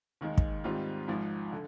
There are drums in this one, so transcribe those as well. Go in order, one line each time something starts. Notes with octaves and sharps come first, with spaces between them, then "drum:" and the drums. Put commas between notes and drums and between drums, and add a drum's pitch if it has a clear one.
D#2 D#3 G#3
drum: kick
G#2 D#3 G3 C4 F4
G#1 G#2 F3
D3